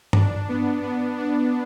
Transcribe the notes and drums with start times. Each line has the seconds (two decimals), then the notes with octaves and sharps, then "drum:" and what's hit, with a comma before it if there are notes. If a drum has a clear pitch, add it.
0.13 D4, drum: tom G2
0.49 B3
0.83 B3
1.18 D4